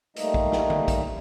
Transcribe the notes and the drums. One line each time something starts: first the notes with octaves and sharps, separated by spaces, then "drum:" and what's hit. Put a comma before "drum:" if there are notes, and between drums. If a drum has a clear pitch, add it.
G3 A3 A#3 D#4 D#5, drum: hi-hat
drum: kick
drum: snare
drum: tom D3
drum: kick, hi-hat